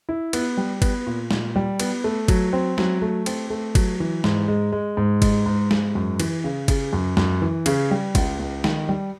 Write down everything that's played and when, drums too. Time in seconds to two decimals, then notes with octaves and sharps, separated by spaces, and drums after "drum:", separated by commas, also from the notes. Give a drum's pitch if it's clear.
0.09 E4
0.33 B3, drum: cymbal
0.57 G3
0.82 B3, drum: kick G1, cymbal
1.07 A#2
1.31 A#2, drum: snare
1.56 G3
1.80 B3, drum: cymbal
2.04 A3
2.28 F#3, drum: kick G1, cymbal
2.53 C4
2.78 F#3, drum: snare
3.02 A3
3.26 C4, drum: cymbal
3.50 A3
3.75 F#3, drum: kick G1, cymbal
4.00 E3
4.24 G#2, drum: snare
4.48 G#3
4.72 G#3
4.97 G#2
5.22 G#3, drum: kick G1, cymbal
5.46 G#2
5.71 G#2, drum: snare
5.95 F#2
6.20 E3, drum: cymbal
6.44 C#3
6.68 C#3, drum: kick G1, cymbal
6.93 F#2
7.17 F#2, drum: snare
7.42 E3
7.66 C#3, drum: cymbal
7.91 G3
8.15 C#2, drum: kick G1, cymbal
8.39 C#2
8.64 D#3, drum: snare
8.89 G3